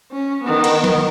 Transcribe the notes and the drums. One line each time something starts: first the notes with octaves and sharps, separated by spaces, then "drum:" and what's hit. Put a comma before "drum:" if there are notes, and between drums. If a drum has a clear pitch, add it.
C#4
D#3 B3
drum: cymbal
drum: snare